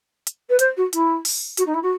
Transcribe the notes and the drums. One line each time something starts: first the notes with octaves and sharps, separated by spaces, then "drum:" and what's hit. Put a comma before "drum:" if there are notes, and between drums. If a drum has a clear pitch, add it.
drum: hi-hat
B4
C5, drum: hi-hat
F#4
E4, drum: hi-hat
drum: open hi-hat
F#4, drum: hi-hat
D#4
E4
F#4